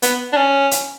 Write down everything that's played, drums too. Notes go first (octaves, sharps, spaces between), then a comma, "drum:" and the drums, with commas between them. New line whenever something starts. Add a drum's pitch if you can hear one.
B3, drum: hi-hat
D4
C#4
drum: hi-hat